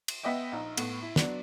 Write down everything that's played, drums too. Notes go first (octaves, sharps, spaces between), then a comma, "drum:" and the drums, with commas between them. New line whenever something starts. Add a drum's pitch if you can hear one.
drum: cymbal
B3 B4 D#5 E5 G5
A#1 D#4
A2 B3, drum: cymbal
E4
F#3 B3 D4, drum: snare